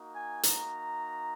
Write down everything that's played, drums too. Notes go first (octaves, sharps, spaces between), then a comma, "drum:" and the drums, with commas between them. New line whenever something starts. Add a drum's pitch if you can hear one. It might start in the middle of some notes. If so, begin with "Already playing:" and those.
Already playing: A#3 D#4 F#4
G#5
A#5, drum: hi-hat